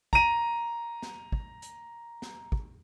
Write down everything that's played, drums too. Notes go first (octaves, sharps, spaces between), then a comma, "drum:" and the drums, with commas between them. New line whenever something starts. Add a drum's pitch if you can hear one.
A#5 D#7, drum: kick
drum: snare
drum: kick
drum: hi-hat
drum: snare
drum: kick